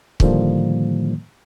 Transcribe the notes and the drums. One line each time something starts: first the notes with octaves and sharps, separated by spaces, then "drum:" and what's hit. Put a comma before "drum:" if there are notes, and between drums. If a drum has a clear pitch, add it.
A2 D3 D#3 F3 G3 A#3, drum: kick